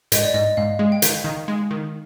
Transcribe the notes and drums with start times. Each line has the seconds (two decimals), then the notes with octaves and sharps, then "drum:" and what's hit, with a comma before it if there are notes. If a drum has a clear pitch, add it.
0.12 G#2 D#5, drum: hi-hat
0.23 D5
0.34 G#2 D#5
0.57 G#2 F5
0.79 G#3
0.92 G5
1.02 D#3 F5, drum: hi-hat
1.24 D#3
1.48 G#3
1.71 D#3